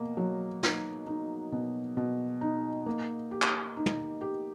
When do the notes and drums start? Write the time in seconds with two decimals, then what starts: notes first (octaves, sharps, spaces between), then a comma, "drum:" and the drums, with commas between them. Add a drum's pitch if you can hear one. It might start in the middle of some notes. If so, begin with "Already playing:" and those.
Already playing: B2 A#3
0.17 F#3
0.63 D#4, drum: snare
1.07 D#4
1.52 B2
1.97 B2
2.41 D#4
2.86 A#3
3.31 G4
3.42 drum: clap
3.77 D#4
3.86 drum: tom
4.21 G4